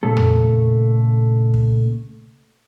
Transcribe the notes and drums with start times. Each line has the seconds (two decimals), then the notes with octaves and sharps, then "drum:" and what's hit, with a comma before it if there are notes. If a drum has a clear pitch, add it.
0.03 A#2 C#3 A3 A4
0.17 drum: tom
1.54 drum: kick